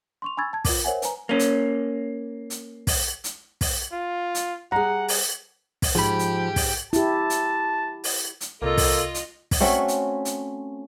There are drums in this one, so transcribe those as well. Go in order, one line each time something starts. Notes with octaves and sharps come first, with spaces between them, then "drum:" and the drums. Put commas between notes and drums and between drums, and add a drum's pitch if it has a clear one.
C6 C#6 F7
G#5 B5 C#6 E6 G#6 A6
A5 G#6
F4 A#4 D6, drum: kick, open hi-hat
A#4 C5 C#5 E5 F#5 G#5
B4 G#5 A#5, drum: hi-hat
A#3 C#4
drum: hi-hat
drum: hi-hat
drum: kick, open hi-hat
drum: hi-hat
drum: kick, open hi-hat
F4
drum: hi-hat
G3 G#4 F#5 A#5
drum: open hi-hat
drum: kick, open hi-hat
G#2 F3 G4 B5
drum: hi-hat
drum: kick, open hi-hat
E4 G4 A5, drum: hi-hat
drum: hi-hat
drum: open hi-hat
drum: hi-hat
C2 C3 A#3 F4 A4 D#5
drum: kick, open hi-hat
drum: hi-hat
drum: kick, open hi-hat
A3 C4 C#4 F#4
drum: hi-hat
drum: hi-hat